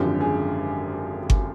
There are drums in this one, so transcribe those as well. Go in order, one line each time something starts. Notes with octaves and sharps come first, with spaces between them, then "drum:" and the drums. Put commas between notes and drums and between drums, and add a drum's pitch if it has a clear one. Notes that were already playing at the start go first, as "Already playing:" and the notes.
Already playing: G#1 F#2 D3 F3 G4
G#4
drum: kick G1